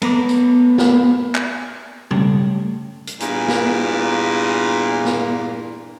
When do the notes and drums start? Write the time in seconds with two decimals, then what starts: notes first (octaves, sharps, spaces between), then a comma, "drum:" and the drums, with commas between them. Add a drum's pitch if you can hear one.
0.02 A3 B3 A#5 D6, drum: cymbal
0.29 drum: tambourine
0.78 drum: snare
1.35 drum: clap
2.11 C#3 G3 A3, drum: tom B2
3.07 drum: hi-hat
3.20 E2 G2 A#2, drum: hi-hat
3.48 drum: snare
5.05 drum: snare